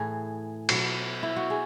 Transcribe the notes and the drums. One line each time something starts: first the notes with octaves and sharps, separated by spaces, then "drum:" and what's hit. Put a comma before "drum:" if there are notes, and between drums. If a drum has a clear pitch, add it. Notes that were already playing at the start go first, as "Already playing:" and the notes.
Already playing: A2 E3 G#4
B2 F#3, drum: cymbal
E4
F#4
G#4